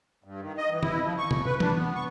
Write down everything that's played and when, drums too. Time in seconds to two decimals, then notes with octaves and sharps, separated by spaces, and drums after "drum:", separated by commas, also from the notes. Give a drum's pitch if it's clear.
0.24 G2
0.41 D#3
0.58 D#5
0.71 E3
0.83 E4, drum: tom D#3
1.03 F3
1.18 C#6
1.31 F#2, drum: tom C3
1.45 B4
1.60 D4, drum: tom
1.75 B3
1.95 C#6